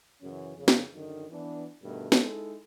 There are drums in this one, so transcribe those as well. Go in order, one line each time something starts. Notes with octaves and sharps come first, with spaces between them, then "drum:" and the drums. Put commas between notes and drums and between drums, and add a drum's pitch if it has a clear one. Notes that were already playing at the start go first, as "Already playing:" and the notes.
F#2 C#3 E3 C#4
F2 C#3
drum: snare
F#2 D3 D#3
E3 B3 D4
G2 B2 D3 D#3 A3
G#3 D#4 E4 A4, drum: snare